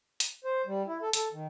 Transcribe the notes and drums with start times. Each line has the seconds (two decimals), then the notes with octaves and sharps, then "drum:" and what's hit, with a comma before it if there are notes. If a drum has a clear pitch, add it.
0.20 drum: hi-hat
0.44 C5
0.66 G3
0.87 E4
1.02 A4
1.13 A4, drum: hi-hat
1.32 D#3